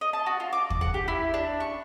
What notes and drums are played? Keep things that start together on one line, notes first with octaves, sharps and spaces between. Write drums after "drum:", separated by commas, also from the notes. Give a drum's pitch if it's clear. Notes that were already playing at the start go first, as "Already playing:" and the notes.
D#5
A5
F#4
F4
D6
drum: kick
F#5
G4
E4
D4
C#6